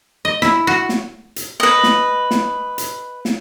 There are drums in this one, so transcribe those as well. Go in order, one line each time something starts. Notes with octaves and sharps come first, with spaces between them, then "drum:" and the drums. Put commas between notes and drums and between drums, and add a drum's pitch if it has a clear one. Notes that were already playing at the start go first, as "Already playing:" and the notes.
D#5
E4, drum: snare
F#4
drum: snare
drum: hi-hat
B4 D#5
drum: snare
drum: snare
drum: hi-hat
drum: snare